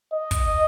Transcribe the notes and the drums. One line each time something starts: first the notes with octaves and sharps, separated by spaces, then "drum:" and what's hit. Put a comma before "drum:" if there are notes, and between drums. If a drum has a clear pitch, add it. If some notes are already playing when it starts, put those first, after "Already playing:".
D#5
drum: kick, hi-hat